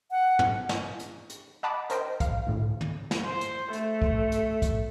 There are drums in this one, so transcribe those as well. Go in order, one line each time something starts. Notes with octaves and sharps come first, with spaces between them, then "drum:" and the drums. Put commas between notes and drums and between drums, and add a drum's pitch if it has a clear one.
F#5
drum: tom
drum: snare
drum: hi-hat
drum: hi-hat
D#5 F#5 A5 B5 D6
A#4 C5 D#5 G5, drum: hi-hat
F5, drum: kick C2, hi-hat
D2 A2
drum: tom
drum: snare
C5
drum: hi-hat
A3, drum: hi-hat
drum: kick C2
drum: hi-hat
drum: kick C2, hi-hat